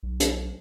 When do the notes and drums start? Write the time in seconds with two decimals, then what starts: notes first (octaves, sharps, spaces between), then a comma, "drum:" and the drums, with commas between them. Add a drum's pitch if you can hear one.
0.03 B1
0.20 drum: hi-hat